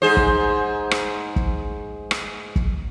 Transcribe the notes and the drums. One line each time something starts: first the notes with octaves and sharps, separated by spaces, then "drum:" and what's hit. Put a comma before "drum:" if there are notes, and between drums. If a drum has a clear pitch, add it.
G#2 G#4 C5
drum: kick
drum: rim click
drum: kick
drum: rim click
drum: kick